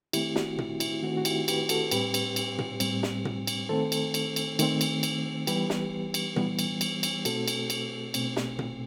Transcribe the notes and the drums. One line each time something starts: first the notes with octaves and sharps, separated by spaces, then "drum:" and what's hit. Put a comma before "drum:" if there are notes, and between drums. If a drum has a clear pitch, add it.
D#3 A3 C4 E4 G4, drum: cymbal
F#4, drum: snare
E4, drum: tom A#2
E4, drum: cymbal
D#3 A3 C4 F#4
F#4
E4 G4, drum: cymbal
G4 B4, drum: cymbal
F#4 A4, drum: cymbal
A2 G3 C4 G4 B4, drum: cymbal
drum: cymbal
drum: cymbal
drum: tom A#2
A2 G3 C4, drum: cymbal
drum: snare
drum: tom A#2
drum: cymbal
D#3 A3 C4 A4 C5
drum: cymbal
drum: cymbal
drum: cymbal
D#3 A3 C4, drum: cymbal
drum: cymbal
drum: cymbal
E3 G3 B3 G4 B4, drum: cymbal
drum: snare
drum: cymbal
E3 G3 B3, drum: tom A#2
drum: cymbal
drum: cymbal
drum: cymbal
B2 A3 C4 F#4 A4, drum: cymbal
drum: cymbal
drum: cymbal
B2 A3 C4, drum: cymbal
drum: snare
drum: tom A#2